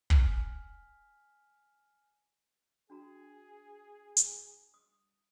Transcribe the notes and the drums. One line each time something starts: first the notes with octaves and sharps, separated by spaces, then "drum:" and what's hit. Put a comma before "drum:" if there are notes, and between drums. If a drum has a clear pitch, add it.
G#5 F6 G6 B6, drum: kick
D4 F#4 G#4 A#5
drum: hi-hat
D#6